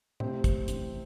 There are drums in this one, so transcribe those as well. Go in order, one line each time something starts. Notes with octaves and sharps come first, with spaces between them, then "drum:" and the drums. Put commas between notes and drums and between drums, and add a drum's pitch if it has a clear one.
A2 C3 C4, drum: tom A2
drum: kick, hi-hat
A1, drum: hi-hat